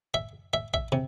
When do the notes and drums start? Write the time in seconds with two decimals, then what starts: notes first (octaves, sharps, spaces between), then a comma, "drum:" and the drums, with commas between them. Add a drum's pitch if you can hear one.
0.14 E5
0.53 E5
0.74 E5, drum: kick
0.92 C3